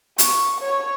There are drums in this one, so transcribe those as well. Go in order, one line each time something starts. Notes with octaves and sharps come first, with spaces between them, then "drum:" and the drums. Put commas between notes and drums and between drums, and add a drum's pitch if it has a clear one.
C#6, drum: hi-hat
C#5